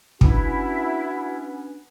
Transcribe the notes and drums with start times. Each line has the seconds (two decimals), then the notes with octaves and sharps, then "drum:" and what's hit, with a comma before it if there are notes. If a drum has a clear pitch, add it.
0.21 B3 C#4 D4 E4 F#4, drum: kick